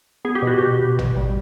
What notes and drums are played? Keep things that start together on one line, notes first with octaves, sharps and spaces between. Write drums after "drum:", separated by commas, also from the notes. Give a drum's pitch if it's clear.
B3 G#4
G4
B2 F#4
B2 G4
B2
B2, drum: tom
G3